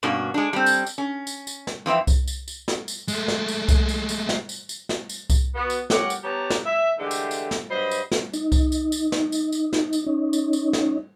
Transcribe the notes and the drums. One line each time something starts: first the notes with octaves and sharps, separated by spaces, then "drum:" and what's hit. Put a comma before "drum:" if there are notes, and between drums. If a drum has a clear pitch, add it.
G2 B2 A#3 C#4 F#4
G#3 D4
G3 C4
drum: tambourine
drum: tambourine
C#4
drum: tambourine
drum: tambourine
drum: snare
F2 E3 C4 E5
drum: kick C2, tambourine
drum: tambourine
drum: tambourine
drum: snare
drum: tambourine
G#3 A3, drum: tambourine
drum: snare
drum: tambourine
drum: kick C2, tambourine
drum: tambourine
drum: tambourine
drum: snare
drum: tambourine
drum: tambourine
drum: snare
drum: tambourine
drum: kick C2, tambourine
B3 F#4
drum: tambourine
G4 A#4 C#5 F#5, drum: snare
drum: tambourine
B3 G4 C#5 A5 A#5
drum: snare
E5
D3 E3 G#3 A3 G4
drum: tambourine
drum: tambourine
drum: snare
G2 F#3 C5 D#5 B5
drum: tambourine
drum: snare
D#4, drum: tambourine
drum: kick C2, tambourine
drum: tambourine
drum: tambourine
drum: snare
drum: tambourine
drum: tambourine
drum: snare
drum: tambourine
C#4 D#4
drum: tambourine
drum: tambourine
drum: snare